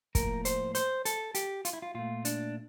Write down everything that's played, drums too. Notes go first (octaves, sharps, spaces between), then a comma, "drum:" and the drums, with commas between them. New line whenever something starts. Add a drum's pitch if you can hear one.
A2 F3 A#3 A#4, drum: kick, hi-hat
C5, drum: hi-hat
C5, drum: hi-hat
A4, drum: hi-hat
G4, drum: hi-hat
F4, drum: hi-hat
E4
F4
A#2 A3 F4
D4, drum: hi-hat